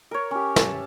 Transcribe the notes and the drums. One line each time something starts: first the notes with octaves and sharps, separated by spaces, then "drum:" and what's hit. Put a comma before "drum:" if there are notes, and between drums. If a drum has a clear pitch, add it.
A#4 C#5
C#4 G4
E5 A5, drum: snare